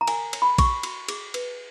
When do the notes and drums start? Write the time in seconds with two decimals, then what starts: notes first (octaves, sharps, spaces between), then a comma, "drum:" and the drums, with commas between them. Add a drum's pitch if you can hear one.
0.01 A#5
0.07 A#4 G#5, drum: cymbal
0.33 C#5, drum: cymbal
0.42 B5
0.58 F#4 C#6, drum: kick, cymbal
0.83 F#4, drum: cymbal
1.08 G#4, drum: cymbal
1.34 B4, drum: cymbal